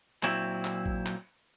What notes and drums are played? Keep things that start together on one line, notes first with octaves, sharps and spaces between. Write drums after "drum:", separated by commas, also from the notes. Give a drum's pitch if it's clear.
A#2 F#3 C4 E4, drum: clap
drum: clap
drum: kick A1
drum: clap